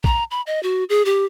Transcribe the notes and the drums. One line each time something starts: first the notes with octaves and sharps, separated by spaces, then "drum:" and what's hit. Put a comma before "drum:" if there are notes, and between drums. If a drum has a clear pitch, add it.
A#5, drum: kick A#1
B5
D#5
F#4
G#4
G4